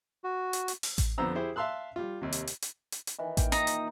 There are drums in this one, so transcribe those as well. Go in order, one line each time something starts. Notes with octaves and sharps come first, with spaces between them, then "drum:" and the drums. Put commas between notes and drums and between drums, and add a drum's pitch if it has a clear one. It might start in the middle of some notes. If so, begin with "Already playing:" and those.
F#4
drum: hi-hat
drum: hi-hat
drum: open hi-hat
drum: kick A1, hi-hat
F2 D3 B3 C5 A#5 E6
E4 G4 G#4 C5
E5 F5 A5 C6 E6 F#6
G3 F4
D#2 C3
drum: hi-hat
drum: hi-hat
drum: hi-hat
drum: hi-hat
drum: hi-hat
D#3 E3
A#2 G5, drum: kick A1, hi-hat
D#4 A#5, drum: hi-hat
drum: hi-hat